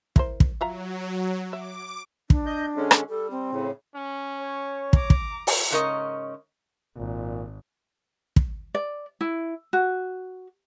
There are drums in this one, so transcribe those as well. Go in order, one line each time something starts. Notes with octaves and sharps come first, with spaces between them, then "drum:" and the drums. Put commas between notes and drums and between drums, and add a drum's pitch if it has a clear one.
E4 A#4 C5, drum: kick
drum: kick
F#3 F4 E5 A#5
E5 D6
D4, drum: kick
D#5 G6
D3 G#3 C#4
drum: rim click
G3 A4
C4
A2 C#3
C#4
C#5
A#5 D6, drum: kick
drum: kick
drum: open hi-hat
G#2 C#3 C#4 A#4 D#5
G#1 A#2
drum: kick
D5
E4
F#4